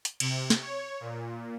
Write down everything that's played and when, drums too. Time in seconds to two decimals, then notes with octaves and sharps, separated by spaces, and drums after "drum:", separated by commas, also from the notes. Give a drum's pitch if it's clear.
0.05 drum: hi-hat
0.20 C3, drum: cymbal
0.50 drum: snare
0.62 C#5
1.00 A#2